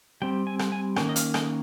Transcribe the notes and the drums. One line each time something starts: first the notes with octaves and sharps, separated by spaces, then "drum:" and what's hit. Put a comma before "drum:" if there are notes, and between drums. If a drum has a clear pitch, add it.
G3 C4 G5
G#5
drum: rim click
G#5
D#3 A#3 C#4 G5, drum: rim click
D#5
F5, drum: hi-hat
D#5, drum: rim click